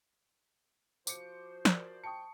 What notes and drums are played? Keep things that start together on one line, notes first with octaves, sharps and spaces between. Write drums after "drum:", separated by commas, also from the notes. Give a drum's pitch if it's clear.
F3 F#4 C5 D6 C#7, drum: tambourine
A#4 D5, drum: snare
G5 A5 C#6 D#6 C#7